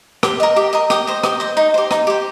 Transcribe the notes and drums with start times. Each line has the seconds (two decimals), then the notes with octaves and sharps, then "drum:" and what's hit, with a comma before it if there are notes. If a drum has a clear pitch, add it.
0.23 G4 C6, drum: rim click
0.40 A#4 D#5
0.56 G4
0.73 A#4 D#5
0.90 G4 D#6, drum: rim click
1.07 C5 D#5
1.23 G4, drum: rim click
1.40 C5 D#5
1.57 D#4
1.74 G4 C5
1.91 D#4, drum: rim click
2.07 G4 C5